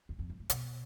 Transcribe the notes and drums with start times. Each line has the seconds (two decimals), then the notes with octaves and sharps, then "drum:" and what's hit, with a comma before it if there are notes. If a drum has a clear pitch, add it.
0.09 E2
0.19 F2
0.30 G2
0.40 A2
0.50 B2, drum: hi-hat